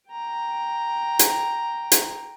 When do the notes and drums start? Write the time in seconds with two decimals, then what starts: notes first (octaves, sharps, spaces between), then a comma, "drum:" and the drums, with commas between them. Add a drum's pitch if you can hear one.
0.11 G5 A#5
1.19 drum: hi-hat
1.92 drum: hi-hat